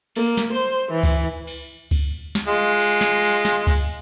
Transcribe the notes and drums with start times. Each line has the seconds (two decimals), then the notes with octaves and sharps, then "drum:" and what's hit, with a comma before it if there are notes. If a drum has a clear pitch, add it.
0.15 A#3, drum: cymbal
0.37 drum: snare
0.51 C5
0.90 E3
1.03 drum: kick C#2, cymbal
1.47 drum: cymbal
1.91 drum: kick C#2, cymbal
2.35 drum: snare
2.47 G#3 F4
2.79 drum: cymbal
3.01 drum: snare
3.23 drum: cymbal
3.45 drum: snare
3.67 drum: kick C#2, cymbal